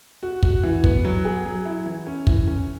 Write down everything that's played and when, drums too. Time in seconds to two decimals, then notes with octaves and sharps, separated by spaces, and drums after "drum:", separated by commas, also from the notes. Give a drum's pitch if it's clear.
0.23 F#4
0.43 F#4, drum: kick
0.63 E3
0.84 B3, drum: kick
1.05 F#3
1.25 G#4
1.46 F#3
1.65 E4
1.86 E3
2.07 C#4
2.27 E3, drum: kick
2.47 C#4